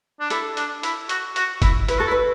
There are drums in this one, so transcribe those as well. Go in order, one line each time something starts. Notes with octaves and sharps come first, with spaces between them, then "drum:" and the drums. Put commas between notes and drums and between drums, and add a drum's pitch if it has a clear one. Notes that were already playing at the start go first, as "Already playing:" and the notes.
D4
E4 A4, drum: hi-hat
D4, drum: hi-hat
E4, drum: hi-hat
F#4, drum: hi-hat
F#4, drum: hi-hat
E4, drum: kick, hi-hat
E4 B4, drum: hi-hat
F#4 A4
E4
B4